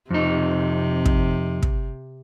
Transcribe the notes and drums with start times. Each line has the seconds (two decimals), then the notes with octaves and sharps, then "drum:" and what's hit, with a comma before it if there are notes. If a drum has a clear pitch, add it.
0.11 F2 C3 D#4
1.06 drum: kick
1.63 drum: kick